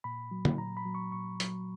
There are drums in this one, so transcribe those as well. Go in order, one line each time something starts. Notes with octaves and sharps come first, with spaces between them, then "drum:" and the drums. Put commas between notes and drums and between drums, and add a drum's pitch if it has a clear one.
A#2 B5
F#3
drum: tom D3
A#2 A#5
B5
F#3
C#6
A#2 C#6
F#3, drum: hi-hat